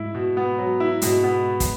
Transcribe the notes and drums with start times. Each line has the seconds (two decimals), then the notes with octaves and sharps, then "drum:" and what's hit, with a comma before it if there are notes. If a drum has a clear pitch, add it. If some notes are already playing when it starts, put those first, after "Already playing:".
Already playing: G#2 G#3 E4
0.15 B2
0.37 B3
0.59 F#3
0.80 E4
1.02 G#2 B2 G#3, drum: hi-hat
1.24 B3
1.60 drum: kick, hi-hat